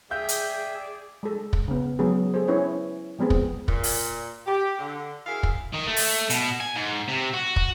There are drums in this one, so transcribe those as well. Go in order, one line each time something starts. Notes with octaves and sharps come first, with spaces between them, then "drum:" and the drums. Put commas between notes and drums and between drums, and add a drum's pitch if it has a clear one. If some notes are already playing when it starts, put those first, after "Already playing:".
G#4 D5 E5 F5 G5 G6
drum: hi-hat
G#3 A4
drum: kick
C#3 B3
F#3 G#3 B3 C#4 G#4
G#4 A4 C5
C#4 E4 B4 C#5
F3 G#3 B3 C4 G#4
drum: kick
A#2, drum: kick
drum: open hi-hat
G4
D3
E4 F#4 G#4 A#4 E5 F5
drum: kick
D#3
A3
drum: open hi-hat
B2, drum: hi-hat
G#5
G#2
C3
F#4
drum: kick